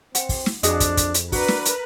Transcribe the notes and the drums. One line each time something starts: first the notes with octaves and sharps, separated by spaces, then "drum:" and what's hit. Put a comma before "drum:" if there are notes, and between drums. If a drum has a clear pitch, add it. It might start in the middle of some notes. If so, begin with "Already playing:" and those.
C4 F#5, drum: hi-hat
drum: kick, open hi-hat
drum: snare
F2 D4 F#4 G#4 D#5, drum: hi-hat
drum: kick, hi-hat
drum: kick, hi-hat
drum: hi-hat
D4 F#4 A#4 B4, drum: kick, open hi-hat
drum: snare
drum: hi-hat